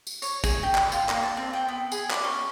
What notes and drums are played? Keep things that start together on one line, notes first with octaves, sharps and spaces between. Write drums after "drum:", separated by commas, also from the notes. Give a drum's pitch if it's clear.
drum: tambourine
C#5, drum: tambourine
G#4, drum: kick, tambourine
G4
drum: clap
F4, drum: tambourine
A#3, drum: clap
A5
C4
G5
B3
G#4, drum: tambourine
D5, drum: clap
C#4